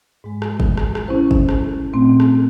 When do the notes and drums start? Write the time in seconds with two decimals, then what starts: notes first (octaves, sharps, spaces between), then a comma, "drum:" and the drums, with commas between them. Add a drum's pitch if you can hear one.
0.24 G#2 G#3
0.42 drum: rim click
0.60 drum: kick
0.77 drum: rim click
0.95 drum: rim click
1.08 C#4 E4 C5
1.31 drum: kick
1.49 drum: rim click
1.93 A#2 A3 C4
2.20 drum: rim click